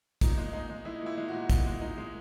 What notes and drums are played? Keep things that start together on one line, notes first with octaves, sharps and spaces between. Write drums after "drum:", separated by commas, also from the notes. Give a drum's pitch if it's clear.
A#2 D#4, drum: kick, hi-hat
G#3
G#3 D#4
G#3
G#3 E4
A#2 E4
G#3
F#4
A#2
G#3, drum: kick, hi-hat
G#3
A#2 D#4
G#3